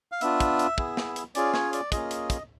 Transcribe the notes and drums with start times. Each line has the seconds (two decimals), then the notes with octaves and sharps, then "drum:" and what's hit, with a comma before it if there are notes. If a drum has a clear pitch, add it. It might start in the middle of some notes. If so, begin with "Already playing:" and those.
0.12 F5
0.21 B3 D4 F4 E5, drum: hi-hat
0.40 drum: kick, hi-hat
0.59 drum: hi-hat
0.78 B3 E4 G#4, drum: kick
0.97 drum: snare
1.16 drum: hi-hat
1.35 C#4 F4 G#4 D5, drum: hi-hat
1.54 C#5, drum: snare
1.73 D5, drum: hi-hat
1.92 A#3 C#4 F4 G#4 D#5, drum: kick, hi-hat
2.11 drum: hi-hat
2.30 drum: kick, hi-hat